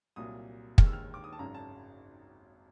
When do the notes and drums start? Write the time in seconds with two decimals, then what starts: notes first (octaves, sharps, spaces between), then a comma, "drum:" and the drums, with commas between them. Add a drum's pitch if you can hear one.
0.16 C2 A#2 F#3 D#6
0.78 D#2 D#3 G#3 F6, drum: kick
0.86 E6
0.93 F6
1.14 D6
1.24 D#6
1.33 A5
1.39 G#1 F#2 C#3 A#5
1.54 A5